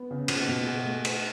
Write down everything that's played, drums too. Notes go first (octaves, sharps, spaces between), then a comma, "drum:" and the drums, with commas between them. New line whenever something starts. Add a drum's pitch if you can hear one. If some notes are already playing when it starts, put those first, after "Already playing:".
Already playing: B3
C#3
B2, drum: cymbal
B2
G#4
A3
G#4, drum: cymbal